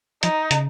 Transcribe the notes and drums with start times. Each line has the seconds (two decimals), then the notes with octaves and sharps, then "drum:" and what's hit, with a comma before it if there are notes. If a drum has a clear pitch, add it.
0.23 F3 D#4, drum: hi-hat
0.51 C#3, drum: hi-hat